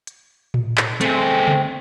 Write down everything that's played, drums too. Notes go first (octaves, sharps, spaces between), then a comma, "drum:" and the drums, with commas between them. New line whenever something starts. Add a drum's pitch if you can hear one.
drum: hi-hat
drum: tom A2
drum: clap
A3 C4 G#4, drum: hi-hat
drum: tom C#3